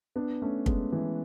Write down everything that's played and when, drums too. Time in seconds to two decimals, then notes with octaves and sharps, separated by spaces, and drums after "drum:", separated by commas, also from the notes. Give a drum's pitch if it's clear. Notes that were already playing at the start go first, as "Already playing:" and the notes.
0.16 B3 D4
0.42 A3 C#4
0.66 G#3 B3, drum: kick
0.92 E3